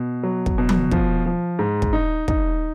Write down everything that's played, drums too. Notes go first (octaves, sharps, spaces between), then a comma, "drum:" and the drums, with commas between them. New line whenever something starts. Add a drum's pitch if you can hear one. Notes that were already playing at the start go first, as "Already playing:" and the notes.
Already playing: B2
F#3
drum: kick
B2
drum: tom F3
F3, drum: kick
F3
G#2
drum: kick
D#4
D#4, drum: kick